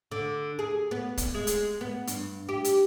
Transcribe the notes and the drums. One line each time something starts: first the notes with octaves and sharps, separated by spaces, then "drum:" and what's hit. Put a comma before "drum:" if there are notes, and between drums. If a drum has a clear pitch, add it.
D3
G#4
B3
drum: kick, hi-hat
G#3
drum: hi-hat
B3
G2, drum: hi-hat
G4
drum: hi-hat